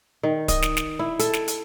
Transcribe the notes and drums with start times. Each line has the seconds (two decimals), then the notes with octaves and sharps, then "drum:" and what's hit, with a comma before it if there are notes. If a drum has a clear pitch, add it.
0.23 D#3
0.48 D#5, drum: kick D1, hi-hat
0.62 drum: snare
0.77 drum: snare
0.99 E4
1.19 A4, drum: hi-hat
1.33 drum: snare
1.48 drum: hi-hat